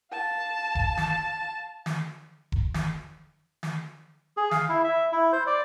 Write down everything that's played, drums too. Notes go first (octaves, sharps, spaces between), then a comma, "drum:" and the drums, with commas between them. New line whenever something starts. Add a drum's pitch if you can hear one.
F5 A5
drum: kick E1
drum: snare
drum: snare
drum: kick E1
drum: snare
drum: snare
G#4
F5, drum: snare
E4
E5
E4
C5
D5